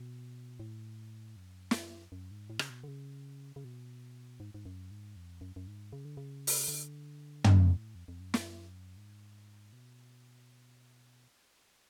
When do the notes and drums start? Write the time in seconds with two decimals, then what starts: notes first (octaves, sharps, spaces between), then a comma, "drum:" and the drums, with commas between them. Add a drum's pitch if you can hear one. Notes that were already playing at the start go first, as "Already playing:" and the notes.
Already playing: B2
0.60 A2
1.36 F#2
1.71 drum: snare
2.12 F#2
2.31 G#2
2.50 A2
2.59 C#3, drum: rim click
2.70 B2
2.84 D3
2.88 C#3
3.56 C#3
3.64 B2
4.40 G#2
4.54 G#2
4.66 F#2
4.91 G#2
5.16 F2
5.41 F#2
5.56 F#2
5.68 G#2
5.92 C#3
6.05 D3
6.17 C#3
6.47 drum: open hi-hat
6.68 D3
7.44 C#3, drum: tom
7.70 A2
7.95 F2
8.08 F2
8.20 F#2
8.34 drum: snare
8.97 G#2
9.73 B2